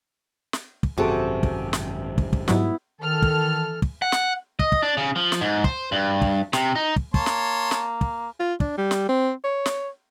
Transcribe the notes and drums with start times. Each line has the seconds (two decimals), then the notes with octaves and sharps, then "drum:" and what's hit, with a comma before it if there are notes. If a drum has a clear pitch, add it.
0.53 drum: snare
0.83 drum: kick
0.98 G#1 F#2 C3 C4 F#4 G#4 A4
1.43 drum: kick
1.73 drum: snare
2.18 drum: kick
2.33 drum: kick
2.48 G#2 F#3 G3 B3 E4, drum: snare
3.01 D#3 E3 A4 F6
3.22 drum: kick
3.82 drum: kick
4.02 F#5
4.12 drum: snare
4.59 D#5, drum: kick
4.72 drum: kick
4.83 D4
4.97 C#3
5.16 F3
5.32 drum: snare
5.41 G#2
5.64 C5, drum: kick
5.92 G2
6.22 drum: kick
6.53 C3, drum: snare
6.75 D#4
6.96 drum: kick
7.14 A#3 C#5 A5 C6, drum: kick
7.26 drum: snare
7.71 drum: snare
8.01 drum: kick
8.40 F4
8.60 D4, drum: kick
8.78 G3
8.91 drum: snare
9.09 C4
9.44 C#5
9.66 drum: snare